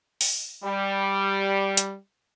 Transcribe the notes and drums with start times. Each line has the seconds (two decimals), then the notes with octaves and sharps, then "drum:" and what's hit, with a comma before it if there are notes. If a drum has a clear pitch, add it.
0.21 drum: open hi-hat
0.64 G3
1.77 drum: hi-hat